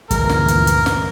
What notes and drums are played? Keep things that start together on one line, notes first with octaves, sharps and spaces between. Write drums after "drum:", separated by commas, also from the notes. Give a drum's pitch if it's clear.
D2 G2 A#2 E3 F3 G#3 A#4, drum: kick, hi-hat
drum: snare
drum: hi-hat
drum: hi-hat
drum: snare